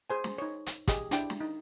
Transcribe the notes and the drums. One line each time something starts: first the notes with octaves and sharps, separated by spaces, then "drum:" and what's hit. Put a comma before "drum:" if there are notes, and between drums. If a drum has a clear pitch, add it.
G#4 C5 G#5
drum: snare
D#4 C#5
drum: hi-hat
G4 G#4 D#5, drum: kick, hi-hat
D4 E4 G5, drum: hi-hat
drum: snare
D#4